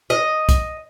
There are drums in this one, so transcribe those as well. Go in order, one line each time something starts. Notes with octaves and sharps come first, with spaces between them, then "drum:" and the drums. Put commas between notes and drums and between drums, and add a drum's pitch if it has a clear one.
D#5
drum: kick, hi-hat